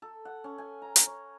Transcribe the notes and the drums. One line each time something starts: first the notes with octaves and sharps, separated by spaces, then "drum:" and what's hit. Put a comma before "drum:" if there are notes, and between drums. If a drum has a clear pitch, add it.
A4
F#5
C#4
G#5
A#5
drum: hi-hat
C#5